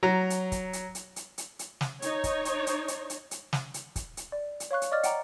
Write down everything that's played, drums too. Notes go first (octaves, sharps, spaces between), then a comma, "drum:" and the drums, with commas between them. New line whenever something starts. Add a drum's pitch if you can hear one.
F#3 A#5
drum: hi-hat
drum: kick, hi-hat
drum: hi-hat
drum: hi-hat
drum: hi-hat
drum: hi-hat
drum: hi-hat
drum: snare
D#4 C#5, drum: hi-hat
drum: kick, hi-hat
drum: hi-hat
drum: hi-hat
drum: hi-hat
drum: hi-hat
drum: hi-hat
drum: snare
drum: hi-hat
drum: kick, hi-hat
drum: hi-hat
D5
drum: hi-hat
C#5 F5 C#6 F#6
drum: hi-hat
D5 D#5 D6 F6 A6
F#5 G5 A#5 D6, drum: hi-hat